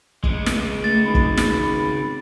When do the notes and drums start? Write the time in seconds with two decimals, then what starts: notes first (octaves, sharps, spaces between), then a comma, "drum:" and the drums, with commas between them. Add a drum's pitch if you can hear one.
0.24 C#3 G#3, drum: kick
0.46 drum: snare
0.84 A3 A6
1.06 G#1 B5
1.15 drum: kick
1.37 drum: snare